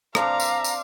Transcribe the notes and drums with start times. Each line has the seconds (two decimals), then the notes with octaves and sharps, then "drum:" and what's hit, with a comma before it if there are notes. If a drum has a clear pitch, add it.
0.15 C4 D4 D5 F5 A#5, drum: rim click
0.40 drum: tambourine
0.64 drum: tambourine